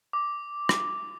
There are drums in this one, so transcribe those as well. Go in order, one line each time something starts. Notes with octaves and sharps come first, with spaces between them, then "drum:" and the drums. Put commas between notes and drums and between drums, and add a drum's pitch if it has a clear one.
D6
drum: rim click